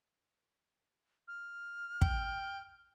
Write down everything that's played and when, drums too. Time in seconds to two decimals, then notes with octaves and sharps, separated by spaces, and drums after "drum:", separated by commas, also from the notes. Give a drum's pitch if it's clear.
1.28 F6
2.02 G5, drum: kick